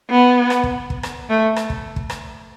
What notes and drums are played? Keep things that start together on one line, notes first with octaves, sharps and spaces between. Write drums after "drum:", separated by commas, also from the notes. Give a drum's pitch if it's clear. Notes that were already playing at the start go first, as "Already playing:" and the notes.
B3
drum: rim click
drum: kick
drum: kick
drum: rim click
A3
drum: rim click
drum: kick
drum: kick
drum: rim click